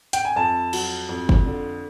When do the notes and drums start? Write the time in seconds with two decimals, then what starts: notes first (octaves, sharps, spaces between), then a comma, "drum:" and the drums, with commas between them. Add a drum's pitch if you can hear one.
0.13 G5, drum: hi-hat
0.25 G#5
0.36 F2 A5
0.73 F#3, drum: cymbal
1.09 F2
1.29 drum: kick
1.46 D3